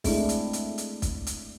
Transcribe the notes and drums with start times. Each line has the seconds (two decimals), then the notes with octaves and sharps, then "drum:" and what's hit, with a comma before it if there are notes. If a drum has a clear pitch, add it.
0.04 G#3 A3 C4 D4 E4, drum: kick, open hi-hat
0.29 drum: hi-hat
0.53 drum: hi-hat
0.78 drum: hi-hat
1.02 drum: kick, hi-hat
1.27 drum: hi-hat